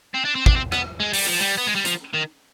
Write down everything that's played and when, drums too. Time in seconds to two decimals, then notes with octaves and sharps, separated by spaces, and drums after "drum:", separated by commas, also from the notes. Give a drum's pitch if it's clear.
0.14 C4
0.25 D4
0.35 C4
0.46 D4, drum: kick
0.56 C4
0.72 B3, drum: rim click
1.00 G#3
1.13 G3, drum: open hi-hat
1.26 F3
1.40 G3
1.57 B3
1.67 G#3
1.75 G3
1.85 F3, drum: hi-hat
2.13 D#3